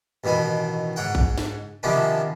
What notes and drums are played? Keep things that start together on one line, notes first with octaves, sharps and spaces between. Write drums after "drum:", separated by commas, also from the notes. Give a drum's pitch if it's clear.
A1 B2 D#3 B3 G#5
G#2 C#5 F#5 G5
drum: kick A1
drum: snare
C3 D#3 F3 B3 C#4 D4